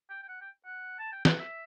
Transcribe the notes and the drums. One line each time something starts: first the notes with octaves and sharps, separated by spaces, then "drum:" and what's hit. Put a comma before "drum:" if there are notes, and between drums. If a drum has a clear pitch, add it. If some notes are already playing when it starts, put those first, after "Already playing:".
G5
G5
F#5
G5
F#5
A5
G5
F#5, drum: snare
E5